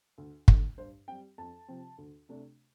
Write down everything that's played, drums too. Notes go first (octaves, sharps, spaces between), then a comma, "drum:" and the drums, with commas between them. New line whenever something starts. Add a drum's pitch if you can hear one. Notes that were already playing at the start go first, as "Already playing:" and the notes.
D2
D3 A3, drum: kick
G2 C5
G3 C4 G5
F2 A5
C3 F3 C4
D2
C3 A3 D4